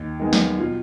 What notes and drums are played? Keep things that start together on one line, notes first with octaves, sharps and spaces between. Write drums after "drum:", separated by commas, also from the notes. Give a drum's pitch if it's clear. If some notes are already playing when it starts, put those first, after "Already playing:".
Already playing: D#2
D#3 G#3 B3
drum: snare
B2 F4